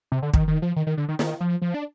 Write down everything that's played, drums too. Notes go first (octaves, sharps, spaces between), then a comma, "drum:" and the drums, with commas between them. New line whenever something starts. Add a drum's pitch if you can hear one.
C3
D3
D#3, drum: kick
D#3
F3
D#3
D#3
D3
D#3
D#3, drum: snare
F3
F3
D4